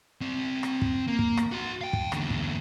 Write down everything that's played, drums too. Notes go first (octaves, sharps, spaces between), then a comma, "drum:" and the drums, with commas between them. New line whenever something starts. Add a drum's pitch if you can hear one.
C4 D5
drum: rim click
drum: kick
A#3
drum: kick
drum: rim click
F#4 C6
F5 G5
drum: kick
E2 D3, drum: rim click
drum: kick